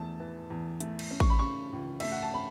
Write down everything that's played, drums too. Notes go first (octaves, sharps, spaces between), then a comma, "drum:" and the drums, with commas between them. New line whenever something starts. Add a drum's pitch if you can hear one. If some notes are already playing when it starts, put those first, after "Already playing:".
Already playing: E2 A3 A5
E3
E2
A3, drum: hi-hat
drum: cymbal
C#4
C#6, drum: kick A1
B5
C#3 C#6
C#2
A3 E5, drum: cymbal
F#5
A5
C#4 B5